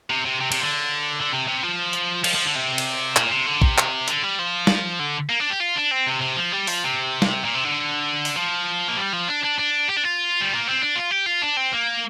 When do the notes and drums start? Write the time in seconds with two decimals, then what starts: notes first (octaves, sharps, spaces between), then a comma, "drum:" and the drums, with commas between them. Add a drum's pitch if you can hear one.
0.10 C3
0.26 C3
0.41 C3
0.52 C3, drum: cymbal
0.61 D3
1.22 D3
1.33 C3
1.48 C3
1.63 F3
1.93 drum: hi-hat
2.24 F3, drum: cymbal
2.35 F3
2.45 D3
2.55 C3
2.78 drum: cymbal
3.16 A#2, drum: clap
3.31 C3
3.46 D3
3.62 C3, drum: kick A#1
3.78 drum: clap
4.08 D3, drum: hi-hat
4.23 G3
4.39 F3
4.67 drum: snare
5.00 D3
5.30 A#3
5.40 D4
5.50 G4
5.60 F4
5.76 D4
5.92 C4
6.07 C3
6.22 C3
6.37 F3
6.53 G3
6.67 F3, drum: open hi-hat
6.84 C3
7.22 drum: snare
7.45 A#2
7.55 C3
7.65 D3
8.25 drum: open hi-hat
8.36 F3
8.88 A#3
8.97 G3
9.13 F3
9.28 D4
9.43 D4
9.58 D4
9.89 G4
9.96 D4
10.04 F4
10.41 G3
10.54 A#3
10.67 C4
10.81 D4
10.95 F4
11.11 G4
11.26 F4
11.42 D4
11.57 C4
11.73 A#3